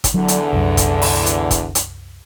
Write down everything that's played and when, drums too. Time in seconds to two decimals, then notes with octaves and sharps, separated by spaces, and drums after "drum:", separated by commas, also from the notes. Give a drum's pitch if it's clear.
0.04 drum: kick, hi-hat
0.14 E2 D3 F#3
0.28 drum: hi-hat
0.53 C2 F#2
0.77 drum: kick, hi-hat
1.02 drum: open hi-hat
1.26 drum: hi-hat
1.51 drum: kick, hi-hat
1.75 drum: hi-hat